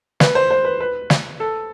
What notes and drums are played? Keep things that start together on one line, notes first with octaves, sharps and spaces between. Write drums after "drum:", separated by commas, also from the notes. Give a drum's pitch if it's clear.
B4, drum: snare
C5
C5
B4
B4
drum: snare
A4